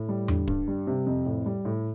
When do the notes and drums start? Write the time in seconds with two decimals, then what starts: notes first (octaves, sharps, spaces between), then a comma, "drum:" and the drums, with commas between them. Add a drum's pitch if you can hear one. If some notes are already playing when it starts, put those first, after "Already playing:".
Already playing: A2
0.09 G3
0.28 D3, drum: tom E2
0.48 G2, drum: kick
0.68 G3
0.87 C3
1.06 F2
1.26 A2
1.46 G3
1.65 A2